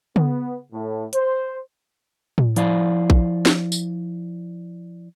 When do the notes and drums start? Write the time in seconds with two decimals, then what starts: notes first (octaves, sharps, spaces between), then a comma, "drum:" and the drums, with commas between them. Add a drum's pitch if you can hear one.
0.16 B3, drum: tom C#3
0.72 A2
1.13 C5, drum: hi-hat
2.38 drum: tom A2
2.56 F3 E4 D5 F5, drum: hi-hat
3.10 drum: kick A#1
3.46 drum: snare
3.72 drum: tambourine